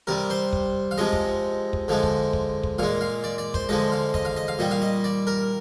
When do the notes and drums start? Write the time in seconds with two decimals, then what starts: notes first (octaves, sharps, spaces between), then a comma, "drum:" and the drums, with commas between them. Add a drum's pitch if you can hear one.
0.07 C3 G3 A#4
0.30 C5
0.53 drum: kick
0.91 F5
0.98 C3 F3 G#3 D#5
1.13 drum: kick
1.73 drum: kick
1.88 D3 F3 G#3
2.03 drum: kick
2.33 drum: kick
2.63 drum: kick
2.79 A#2 G#3 F5
3.01 F5
3.24 D5
3.38 D5
3.54 C5, drum: kick
3.69 D3 F3 G#3 D#5
3.92 F5
4.14 D#5, drum: kick
4.25 F5
4.36 D#5
4.48 F5
4.59 A#2 G3 D#5
4.71 F5
4.82 D#5
5.04 D5
5.27 A#4